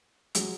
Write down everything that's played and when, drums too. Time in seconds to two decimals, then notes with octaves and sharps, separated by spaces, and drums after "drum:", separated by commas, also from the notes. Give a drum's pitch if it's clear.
0.35 F#3 G#3, drum: hi-hat